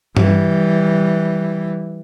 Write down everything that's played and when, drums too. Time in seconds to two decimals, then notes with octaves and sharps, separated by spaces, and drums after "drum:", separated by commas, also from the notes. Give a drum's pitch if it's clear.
0.17 E3 G3, drum: tom G2